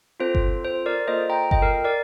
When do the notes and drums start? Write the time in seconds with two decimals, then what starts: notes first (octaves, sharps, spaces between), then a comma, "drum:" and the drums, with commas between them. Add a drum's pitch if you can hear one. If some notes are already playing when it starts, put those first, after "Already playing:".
0.20 C4 F4 A4 C5
0.35 drum: kick G1
0.64 C5
0.86 A#4 D5
1.08 A#3 F4 A4 C5 D#5
1.30 G5 A#5
1.51 D#5 G5, drum: kick G1
1.62 A#4
1.84 A#4 D5